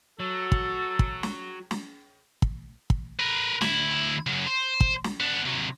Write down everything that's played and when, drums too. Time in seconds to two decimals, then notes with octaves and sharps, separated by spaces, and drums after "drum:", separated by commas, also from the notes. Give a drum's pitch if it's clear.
0.20 F#3 A4
0.52 drum: kick
0.99 drum: kick
1.23 drum: snare
1.71 drum: snare
2.42 drum: kick
2.90 drum: kick
3.20 A#4 B4
3.61 D2 E4, drum: snare
4.26 C#3 F#3
4.46 C5
4.80 drum: kick
5.04 drum: snare
5.20 B3 D4
5.45 C3 F#3